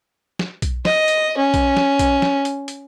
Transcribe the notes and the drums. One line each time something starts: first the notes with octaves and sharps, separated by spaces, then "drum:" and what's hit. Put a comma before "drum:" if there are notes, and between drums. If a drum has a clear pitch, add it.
drum: snare
drum: kick B1, hi-hat
D#5, drum: snare
drum: hi-hat
C#4
drum: kick B1, hi-hat
drum: snare
drum: kick B1, hi-hat
drum: snare
drum: hi-hat
drum: hi-hat